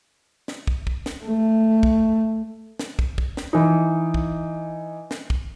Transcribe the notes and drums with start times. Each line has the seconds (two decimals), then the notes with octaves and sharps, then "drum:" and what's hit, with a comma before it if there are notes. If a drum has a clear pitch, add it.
0.48 drum: snare
0.67 drum: kick
0.87 drum: kick
1.06 drum: snare
1.25 A3
1.83 drum: kick
2.79 drum: snare
2.99 drum: kick
3.18 drum: kick
3.37 drum: snare
3.53 E3 D#4
4.14 drum: kick
5.11 drum: snare
5.30 drum: kick